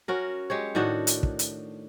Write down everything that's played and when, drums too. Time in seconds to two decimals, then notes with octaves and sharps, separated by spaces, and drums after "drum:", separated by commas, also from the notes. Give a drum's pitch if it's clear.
0.08 C#4 F#4 A#4
0.50 G#3 G4 C#5
0.75 A2 D#3 D4 F#4
1.07 drum: hi-hat
1.23 drum: kick
1.39 drum: hi-hat